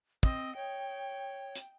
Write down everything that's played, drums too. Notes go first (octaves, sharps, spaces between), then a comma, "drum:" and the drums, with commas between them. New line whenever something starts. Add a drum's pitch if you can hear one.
C4 D#5, drum: kick
C#5 G5
drum: hi-hat